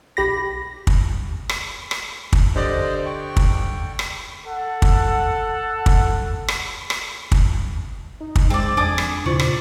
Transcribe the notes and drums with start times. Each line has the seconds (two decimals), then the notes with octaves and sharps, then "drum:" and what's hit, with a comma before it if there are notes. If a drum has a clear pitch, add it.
0.17 B1 G4 B5 A#6
0.87 drum: kick
1.49 drum: rim click
1.91 drum: rim click
2.33 drum: kick
2.56 D3 G4 C5 D5 D#5
3.06 G5 C#6
3.37 drum: kick
3.99 drum: rim click
4.46 A4 F#5
4.82 drum: kick
5.86 drum: kick
6.48 drum: rim click
6.90 drum: rim click
7.32 drum: kick
8.21 D#4
8.36 drum: kick
8.50 G#3 C4 D5
8.77 F2 D4 D5 G#5 D#6
8.98 drum: rim click
9.26 D#2 A#2 C#3 E4 F4 C5 D5
9.39 drum: rim click